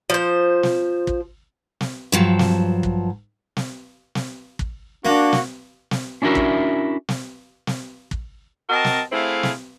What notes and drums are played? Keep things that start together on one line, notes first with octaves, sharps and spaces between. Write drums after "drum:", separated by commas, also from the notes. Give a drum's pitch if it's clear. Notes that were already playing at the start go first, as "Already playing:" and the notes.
F3 C5
drum: snare
drum: kick
drum: snare
G2 F3 F#3
drum: snare
drum: kick
drum: snare
drum: snare
drum: kick
A#3 D4 F#4
drum: snare
drum: snare
C#4 D4 E4 F#4 A#4 E5
drum: kick
drum: snare
drum: snare
drum: kick
C4 F#4 A#4 D#5 A5
drum: snare
A3 C4 E4 G#4 F5
drum: snare